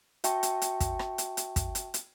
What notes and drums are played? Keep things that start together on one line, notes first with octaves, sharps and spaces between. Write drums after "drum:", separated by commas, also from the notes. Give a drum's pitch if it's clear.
F#4 E5 G5 A5 C#6, drum: hi-hat
drum: hi-hat
drum: hi-hat
drum: kick, hi-hat
drum: rim click
drum: hi-hat
drum: hi-hat
drum: kick, hi-hat
drum: hi-hat
drum: hi-hat